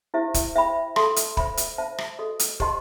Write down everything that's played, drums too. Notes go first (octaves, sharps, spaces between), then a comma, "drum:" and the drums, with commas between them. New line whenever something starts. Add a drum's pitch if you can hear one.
E4 G4 C5 E5
drum: kick, hi-hat
C5 E5 G5 B5
A4 E5 A5 C6, drum: rim click
drum: hi-hat
C5 E5 B5, drum: kick
drum: hi-hat
C5 E5 A5
drum: rim click
F#4 A4 D#5
drum: hi-hat
G4 C5 D#5 A5 C6, drum: kick